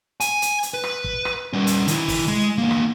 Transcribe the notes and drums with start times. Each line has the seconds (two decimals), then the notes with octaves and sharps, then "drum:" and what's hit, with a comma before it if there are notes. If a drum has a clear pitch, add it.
0.20 G#5, drum: hi-hat
0.42 drum: hi-hat
0.63 drum: hi-hat
0.74 B4
0.84 drum: rim click
1.04 drum: kick
1.25 drum: rim click
1.53 G3 C#4
1.67 drum: hi-hat
1.88 D#3 E4, drum: hi-hat
2.08 drum: kick, open hi-hat
2.28 G#3
2.58 E2 A#3
2.71 drum: rim click